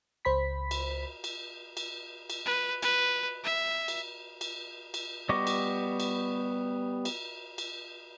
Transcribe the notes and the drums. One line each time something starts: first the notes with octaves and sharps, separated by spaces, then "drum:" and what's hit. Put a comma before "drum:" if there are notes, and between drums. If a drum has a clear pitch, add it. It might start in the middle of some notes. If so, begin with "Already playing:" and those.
C#2 C5 B5 B6
drum: cymbal
drum: cymbal
drum: cymbal
drum: cymbal
B4
B4, drum: cymbal
E5
drum: cymbal
drum: cymbal
drum: cymbal
G3 B3 D#5 C#6 D6
drum: cymbal
drum: cymbal
drum: cymbal
drum: cymbal